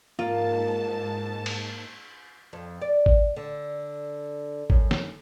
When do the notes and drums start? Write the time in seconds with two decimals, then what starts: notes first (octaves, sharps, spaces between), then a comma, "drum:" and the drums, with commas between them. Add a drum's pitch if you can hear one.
0.19 G#2 A#3 F4 A5
1.46 drum: cymbal
2.53 F2
2.82 D5
3.06 drum: kick G#1
3.36 D3
4.70 F#2, drum: kick G#1
4.91 drum: snare